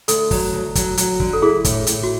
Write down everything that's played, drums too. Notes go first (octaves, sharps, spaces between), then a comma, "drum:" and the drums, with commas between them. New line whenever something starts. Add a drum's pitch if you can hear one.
D2 A4, drum: hi-hat
F#3, drum: kick, open hi-hat
D2
F#3, drum: kick, hi-hat
F#3, drum: hi-hat
D3, drum: kick
A4
E4 G#4
A2, drum: kick, hi-hat
A2, drum: hi-hat
F#4